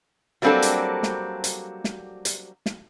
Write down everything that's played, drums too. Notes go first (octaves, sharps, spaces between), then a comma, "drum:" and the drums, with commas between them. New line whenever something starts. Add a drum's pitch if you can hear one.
F#3 G3 A#3 C4 D4 A4
drum: hi-hat
drum: snare
drum: hi-hat
drum: snare
drum: hi-hat
drum: snare